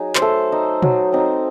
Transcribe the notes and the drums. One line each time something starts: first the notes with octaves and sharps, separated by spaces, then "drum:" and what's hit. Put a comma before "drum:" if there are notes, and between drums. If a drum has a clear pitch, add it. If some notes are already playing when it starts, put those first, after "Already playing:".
Already playing: F#3 D#4 G#4
C5, drum: clap
A3 A4
D#4
F#3, drum: tom
C4 D#4